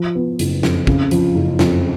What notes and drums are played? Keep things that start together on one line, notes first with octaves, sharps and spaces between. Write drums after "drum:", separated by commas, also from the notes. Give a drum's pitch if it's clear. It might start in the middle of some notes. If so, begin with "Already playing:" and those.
Already playing: F3
B3
F#1, drum: hi-hat
F2, drum: snare
C#3, drum: kick
F3, drum: hi-hat
F#1
F2, drum: snare